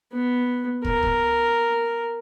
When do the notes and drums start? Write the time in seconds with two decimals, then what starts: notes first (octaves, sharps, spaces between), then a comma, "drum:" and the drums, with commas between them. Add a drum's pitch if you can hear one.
0.13 B3
0.85 A#4, drum: kick
1.03 drum: kick